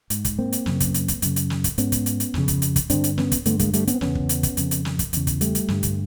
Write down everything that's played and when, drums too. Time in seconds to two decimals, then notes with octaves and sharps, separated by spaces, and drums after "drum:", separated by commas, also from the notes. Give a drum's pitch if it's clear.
0.10 G#2, drum: hi-hat
0.25 drum: kick, hi-hat
0.39 A#3 C4
0.52 drum: hi-hat
0.66 F#2 C#3, drum: snare
0.80 drum: kick, hi-hat
0.94 drum: hi-hat
1.08 drum: kick, hi-hat
1.22 F#2 C#3, drum: hi-hat
1.36 drum: hi-hat
1.50 drum: snare
1.64 drum: kick, hi-hat
1.78 G#2 B3 C#4, drum: hi-hat
1.92 drum: kick, hi-hat
2.06 drum: hi-hat
2.20 drum: hi-hat
2.34 F2 C#3, drum: snare
2.48 drum: kick, hi-hat
2.62 drum: hi-hat
2.76 drum: kick, hi-hat
2.90 G2 D3 C4 D4, drum: hi-hat
3.04 drum: hi-hat
3.18 B3 C#4, drum: snare
3.32 drum: kick, hi-hat
3.46 G2 D3 A3 B3, drum: hi-hat
3.59 G#3 A#3, drum: kick, hi-hat
3.73 G3 A3, drum: hi-hat
3.87 B3 C#4, drum: hi-hat
3.94 C4
4.01 E2 C#3 B3 C#4, drum: snare
4.15 drum: kick
4.29 drum: hi-hat
4.43 drum: kick, hi-hat
4.57 F2 C#3, drum: hi-hat
4.71 drum: hi-hat
4.85 drum: snare
4.99 drum: kick, hi-hat
5.13 E2 C#3, drum: hi-hat
5.27 drum: kick, hi-hat
5.41 G3 A3, drum: hi-hat
5.55 drum: hi-hat
5.68 G2 D3, drum: snare
5.83 drum: kick, hi-hat